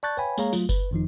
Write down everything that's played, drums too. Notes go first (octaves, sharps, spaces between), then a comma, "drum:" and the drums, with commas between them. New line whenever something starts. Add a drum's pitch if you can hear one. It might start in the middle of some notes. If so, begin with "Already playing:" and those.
D5 A5 C#6 F#6 G6 A6
B4 C#5 F5 G5 G#5 B5
G#3 A#3 G#4 C#5 F5 A#5, drum: tambourine
F#3 A3 F4, drum: tambourine
B4, drum: kick F#1, tambourine
F2 D#3 F3 D#4